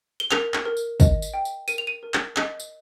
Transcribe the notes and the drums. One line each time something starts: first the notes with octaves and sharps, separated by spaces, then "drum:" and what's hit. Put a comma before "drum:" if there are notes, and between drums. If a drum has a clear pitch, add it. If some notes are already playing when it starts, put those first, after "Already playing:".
G7
A#4 F7, drum: clap
drum: clap
A#4
drum: tambourine
D#5, drum: kick, tambourine
drum: tambourine
G5
drum: tambourine
A#4 D#7, drum: tambourine
F7
D#7
A#4
drum: clap
D#5, drum: clap
drum: tambourine